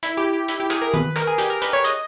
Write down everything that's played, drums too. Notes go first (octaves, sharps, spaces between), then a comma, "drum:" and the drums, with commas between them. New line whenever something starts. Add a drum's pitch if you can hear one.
E4, drum: hi-hat
G4
G4
E4, drum: hi-hat
G4
G#4, drum: clap
A#4
B4, drum: tom D#3
A#4, drum: clap
G#4
G4, drum: hi-hat
A#4
B4, drum: hi-hat
C#5
D#5, drum: hi-hat